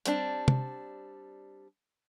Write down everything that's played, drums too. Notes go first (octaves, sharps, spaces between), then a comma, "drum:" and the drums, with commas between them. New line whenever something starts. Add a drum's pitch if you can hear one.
G3 C4 D4, drum: hi-hat
drum: tom